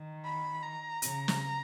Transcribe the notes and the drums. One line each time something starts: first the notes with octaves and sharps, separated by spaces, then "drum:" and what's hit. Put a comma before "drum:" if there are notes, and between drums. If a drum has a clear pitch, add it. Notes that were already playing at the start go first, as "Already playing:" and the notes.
Already playing: D#3
B5
A#5
C#3, drum: hi-hat
drum: snare